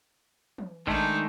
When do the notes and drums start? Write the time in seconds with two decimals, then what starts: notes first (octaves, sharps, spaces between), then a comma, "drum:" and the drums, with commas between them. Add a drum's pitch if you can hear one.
0.58 drum: tom E3
0.87 D#3 G#3 A3 D4 D#4, drum: kick A1